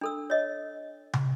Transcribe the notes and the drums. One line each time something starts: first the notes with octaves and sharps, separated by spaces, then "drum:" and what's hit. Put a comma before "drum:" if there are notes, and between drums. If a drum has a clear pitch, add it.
D4 A4 E6
C#5 D#5
drum: tom